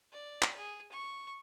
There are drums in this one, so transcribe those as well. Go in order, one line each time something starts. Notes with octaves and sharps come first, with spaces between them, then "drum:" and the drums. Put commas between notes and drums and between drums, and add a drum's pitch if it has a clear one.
D5
drum: clap
G#4
C#6